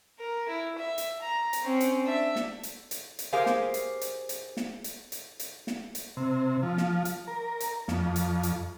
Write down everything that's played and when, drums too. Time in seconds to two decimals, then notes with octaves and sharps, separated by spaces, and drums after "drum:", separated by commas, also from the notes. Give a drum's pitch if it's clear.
0.20 A#4
0.49 E4
0.78 E5
0.98 drum: hi-hat
1.22 A#5
1.53 drum: hi-hat
1.63 C4 C#4
1.81 drum: hi-hat
2.04 D4 E5
2.36 drum: snare
2.63 drum: hi-hat
2.91 drum: hi-hat
3.19 drum: hi-hat
3.33 G4 G#4 A#4 C5 F5 G#5
3.46 drum: snare
3.74 drum: hi-hat
4.01 drum: hi-hat
4.29 drum: hi-hat
4.57 drum: snare
4.84 drum: hi-hat
5.12 drum: hi-hat
5.40 drum: hi-hat
5.67 drum: snare
5.95 drum: hi-hat
6.17 C3
6.63 F3
6.78 drum: snare
7.05 drum: hi-hat
7.27 A#4
7.60 drum: hi-hat
7.88 F2, drum: snare
8.16 drum: hi-hat
8.43 drum: hi-hat